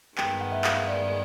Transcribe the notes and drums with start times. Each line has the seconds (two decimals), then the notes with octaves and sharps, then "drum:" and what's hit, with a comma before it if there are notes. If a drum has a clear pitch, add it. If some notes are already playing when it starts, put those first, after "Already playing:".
0.18 G2 D#3 G#3 B3 G5, drum: clap
0.41 F#5
0.52 E5
0.64 F5, drum: clap
0.87 D5